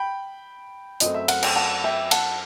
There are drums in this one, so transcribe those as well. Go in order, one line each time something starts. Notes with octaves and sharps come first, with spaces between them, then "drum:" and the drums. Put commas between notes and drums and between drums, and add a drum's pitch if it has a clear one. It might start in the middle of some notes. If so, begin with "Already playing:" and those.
Already playing: G5 B5
F#2 F#3 A3 C4 D#5, drum: hi-hat
E5
F#5, drum: cymbal
G5, drum: cymbal
F#5 A5
E5 G5
F#5 A5, drum: cymbal